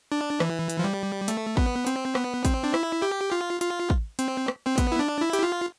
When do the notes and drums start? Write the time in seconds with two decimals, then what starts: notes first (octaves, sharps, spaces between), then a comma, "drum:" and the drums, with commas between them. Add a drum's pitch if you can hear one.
0.12 D4
0.40 E3, drum: rim click
0.70 drum: hi-hat
0.79 F3
0.84 G3
1.28 A3, drum: hi-hat
1.57 B3, drum: kick
1.87 C4, drum: hi-hat
2.15 B3, drum: rim click
2.45 C4, drum: kick, hi-hat
2.64 D4
2.74 E4, drum: rim click
3.02 G4
3.32 F4
3.61 F4, drum: hi-hat
3.90 drum: kick
4.19 C4, drum: hi-hat
4.48 drum: rim click
4.66 C4
4.78 B3, drum: kick, hi-hat
4.92 E4
4.99 D4
5.20 E4
5.33 G4, drum: hi-hat
5.43 F4